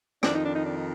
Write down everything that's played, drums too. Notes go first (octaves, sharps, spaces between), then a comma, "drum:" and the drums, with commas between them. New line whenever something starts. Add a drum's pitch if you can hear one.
F2 D#3 D4, drum: rim click
D#4
D4
D#4
D4
D#4